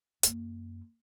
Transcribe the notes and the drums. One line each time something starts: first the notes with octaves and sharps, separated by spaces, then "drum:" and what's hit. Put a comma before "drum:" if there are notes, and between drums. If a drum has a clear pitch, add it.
F#2 A#3, drum: hi-hat